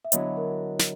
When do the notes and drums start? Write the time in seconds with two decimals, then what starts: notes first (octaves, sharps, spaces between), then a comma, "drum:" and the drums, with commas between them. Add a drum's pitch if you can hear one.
0.05 E5
0.12 D3 F#3 B3 E4 C#5 D#5, drum: hi-hat
0.37 A#4
0.79 drum: snare